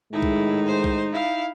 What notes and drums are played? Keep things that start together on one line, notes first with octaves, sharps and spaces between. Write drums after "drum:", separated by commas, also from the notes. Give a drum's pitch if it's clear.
A2 D#3 G#3 D#4 E4
drum: kick B1
C5
drum: kick B1
E4 F5